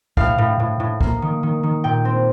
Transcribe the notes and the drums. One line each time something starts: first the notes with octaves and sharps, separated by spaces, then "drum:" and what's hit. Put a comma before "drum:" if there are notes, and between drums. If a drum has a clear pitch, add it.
A2 F5, drum: kick
A2
A2
A2
A#3, drum: kick
D#3
D#3
D#3
A#2 G5
C4